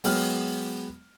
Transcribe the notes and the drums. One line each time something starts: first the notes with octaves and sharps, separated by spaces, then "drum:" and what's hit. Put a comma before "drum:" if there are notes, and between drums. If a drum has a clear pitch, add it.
F#3 G#3 B3 G5 F6, drum: open hi-hat